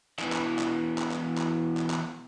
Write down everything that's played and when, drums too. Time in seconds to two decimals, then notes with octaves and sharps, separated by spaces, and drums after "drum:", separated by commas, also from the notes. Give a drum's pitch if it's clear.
0.19 B2 E3, drum: clap
0.33 drum: clap
0.59 drum: clap
0.98 drum: clap
1.11 drum: clap
1.38 drum: clap
1.77 drum: clap
1.90 drum: clap